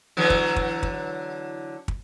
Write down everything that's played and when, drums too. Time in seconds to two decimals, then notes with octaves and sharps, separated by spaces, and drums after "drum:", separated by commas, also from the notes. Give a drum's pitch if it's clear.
0.17 D3 E3 F#3
0.30 drum: kick
0.56 drum: kick
0.83 drum: kick
1.88 drum: kick